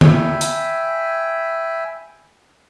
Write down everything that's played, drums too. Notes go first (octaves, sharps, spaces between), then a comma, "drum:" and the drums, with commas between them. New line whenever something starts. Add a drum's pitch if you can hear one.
E5 G5 G#5 B5, drum: tom D3
drum: hi-hat